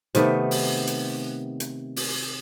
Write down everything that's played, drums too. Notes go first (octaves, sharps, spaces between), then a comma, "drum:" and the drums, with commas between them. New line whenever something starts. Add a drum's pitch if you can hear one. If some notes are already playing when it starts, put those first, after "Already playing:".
C3 D#3 A3 B3, drum: hi-hat
drum: open hi-hat
drum: hi-hat
drum: hi-hat
drum: open hi-hat